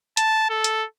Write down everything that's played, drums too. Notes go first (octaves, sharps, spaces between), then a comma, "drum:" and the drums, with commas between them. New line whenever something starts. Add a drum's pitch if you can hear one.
A5, drum: hi-hat
A4
drum: hi-hat